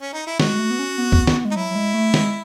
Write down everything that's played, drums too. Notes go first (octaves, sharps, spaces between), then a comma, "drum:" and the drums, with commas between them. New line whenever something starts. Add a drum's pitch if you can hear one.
C#4
D#4
E4
G#3 F#4, drum: snare
G#3
A3
B3
C#4
B3
drum: kick
B3, drum: snare
G#3
D#4
F#3 E4
F#3
G#3
A3
G#3, drum: snare